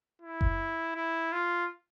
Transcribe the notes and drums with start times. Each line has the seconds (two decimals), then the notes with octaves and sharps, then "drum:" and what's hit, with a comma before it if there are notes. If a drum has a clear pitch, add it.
0.22 E4
0.41 drum: kick F#1
0.96 E4
1.33 F4